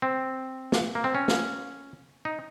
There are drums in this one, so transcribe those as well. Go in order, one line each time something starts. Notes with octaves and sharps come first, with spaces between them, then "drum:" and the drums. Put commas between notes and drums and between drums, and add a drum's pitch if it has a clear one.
C4
drum: snare
A#3
C4
C#4
drum: snare
D#4